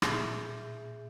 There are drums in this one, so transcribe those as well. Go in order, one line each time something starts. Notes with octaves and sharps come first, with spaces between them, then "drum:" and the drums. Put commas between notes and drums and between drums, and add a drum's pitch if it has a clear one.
A#2 G#4 E5 G6, drum: rim click